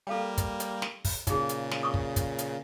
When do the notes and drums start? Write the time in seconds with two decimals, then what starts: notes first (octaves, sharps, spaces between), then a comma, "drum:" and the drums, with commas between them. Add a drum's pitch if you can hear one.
0.07 G3 A#3 A4 F5 G5
0.37 drum: kick, hi-hat
0.60 drum: hi-hat
0.82 drum: snare
1.04 drum: kick, open hi-hat
1.27 A#2 C#3 D#4 G#4, drum: kick, hi-hat
1.49 drum: hi-hat
1.72 drum: snare
1.83 C#6 D#6
1.94 drum: kick
2.16 drum: kick, hi-hat
2.39 drum: hi-hat